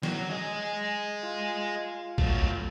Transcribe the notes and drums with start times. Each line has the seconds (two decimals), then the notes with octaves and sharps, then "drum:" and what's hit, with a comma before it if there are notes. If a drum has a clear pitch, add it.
0.03 F#3, drum: snare
0.30 G#4 D#5
1.23 F4
2.18 F#3 A3, drum: kick